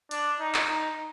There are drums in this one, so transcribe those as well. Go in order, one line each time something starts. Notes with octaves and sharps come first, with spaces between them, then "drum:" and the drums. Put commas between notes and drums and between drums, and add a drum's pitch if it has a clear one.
D4, drum: hi-hat
D#4
drum: clap
D#4